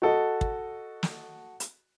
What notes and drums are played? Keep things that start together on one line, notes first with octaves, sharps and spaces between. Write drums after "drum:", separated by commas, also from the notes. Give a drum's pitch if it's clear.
F#4 A4 D#5
drum: kick
drum: snare
drum: hi-hat